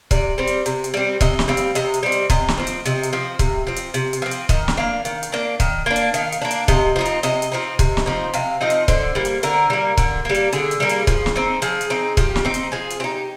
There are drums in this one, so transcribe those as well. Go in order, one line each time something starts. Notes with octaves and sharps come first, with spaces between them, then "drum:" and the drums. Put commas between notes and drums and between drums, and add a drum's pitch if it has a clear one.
C3 D5, drum: kick, hi-hat
G3 C4
drum: hi-hat
C3, drum: hi-hat
drum: hi-hat
G3 C4
C3 D#5, drum: kick, hi-hat
drum: snare
G3 C4 F5
drum: hi-hat
C3 D#5, drum: hi-hat
drum: hi-hat
G3 C4
drum: hi-hat
C3 D#5, drum: kick, hi-hat
drum: snare
F3 C4
drum: hi-hat
C3 D#5, drum: hi-hat
drum: hi-hat
F3 C4
C3, drum: kick, hi-hat
F3 C4
drum: hi-hat
C3, drum: hi-hat
drum: hi-hat
F3 C4
drum: hi-hat
D#3 D#5, drum: kick, hi-hat
drum: snare
A#3 D4 F5
D#3, drum: hi-hat
drum: hi-hat
A#3 D4
D#3, drum: kick, hi-hat
A#3 D4
drum: hi-hat
D#3 F5, drum: hi-hat
drum: hi-hat
A#3 D4
drum: hi-hat
C3 D#5, drum: kick, hi-hat
F3 C4 D#4
drum: hi-hat
C3 D#5, drum: hi-hat
drum: hi-hat
F3 C4 D#4
C3, drum: kick, hi-hat
drum: snare
F3 C4 D#4
C3 F5, drum: hi-hat
F3 C4 D#4 D#5
drum: hi-hat
D3 C5, drum: kick, hi-hat
G3 A#3
drum: hi-hat
D3 A#4, drum: hi-hat
G3 A#3
D3, drum: kick, hi-hat
G3 A#3
drum: hi-hat
D3 G#4, drum: hi-hat
drum: hi-hat
G3 A#3
drum: hi-hat
F3, drum: kick, hi-hat
drum: snare
C4 D#4
F3 G#4, drum: hi-hat
drum: hi-hat
C4 D#4
F3 G4, drum: kick, hi-hat
drum: snare
C4 D#4
drum: hi-hat
F3 G#4
drum: hi-hat
C4 D#4 G4